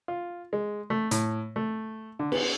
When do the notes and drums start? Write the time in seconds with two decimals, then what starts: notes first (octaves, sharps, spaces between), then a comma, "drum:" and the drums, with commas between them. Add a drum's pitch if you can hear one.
0.08 F4
0.53 G#3
0.90 A3
1.11 A2, drum: hi-hat
1.56 A3
2.19 D3
2.32 B3, drum: cymbal